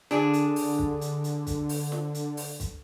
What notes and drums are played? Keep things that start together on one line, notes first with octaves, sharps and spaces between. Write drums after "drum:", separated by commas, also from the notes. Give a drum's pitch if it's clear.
D3 D4 G#4, drum: snare
drum: hi-hat
drum: open hi-hat
drum: kick
drum: hi-hat
drum: hi-hat
drum: kick, hi-hat
drum: open hi-hat
drum: snare
drum: hi-hat
drum: open hi-hat
drum: kick, hi-hat